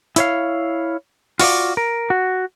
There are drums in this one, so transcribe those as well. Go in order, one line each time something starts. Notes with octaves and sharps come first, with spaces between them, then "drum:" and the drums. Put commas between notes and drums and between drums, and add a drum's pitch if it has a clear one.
E4 C#5 F5, drum: hi-hat
F4 F#4 C#5 D5, drum: open hi-hat
A#4
F#4